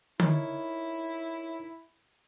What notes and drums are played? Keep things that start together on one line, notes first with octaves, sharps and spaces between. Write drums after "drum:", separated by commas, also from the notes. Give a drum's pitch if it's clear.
D#4 E4 A#4 C#5, drum: tom